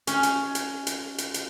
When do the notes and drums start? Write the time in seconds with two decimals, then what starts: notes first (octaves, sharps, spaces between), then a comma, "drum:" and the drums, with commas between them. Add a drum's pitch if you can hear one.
0.07 C#4, drum: hi-hat
0.23 drum: hi-hat
0.55 drum: hi-hat
0.87 drum: hi-hat
1.18 drum: hi-hat
1.34 drum: hi-hat